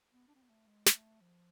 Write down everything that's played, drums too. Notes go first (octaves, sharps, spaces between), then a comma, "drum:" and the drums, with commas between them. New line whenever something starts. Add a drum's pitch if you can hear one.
B3
D4
C4
B3
A3
G#3
A3, drum: snare
F3